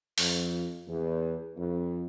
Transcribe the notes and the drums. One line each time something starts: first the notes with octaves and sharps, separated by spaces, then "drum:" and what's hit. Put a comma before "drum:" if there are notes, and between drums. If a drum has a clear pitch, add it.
F2, drum: open hi-hat
E2
F2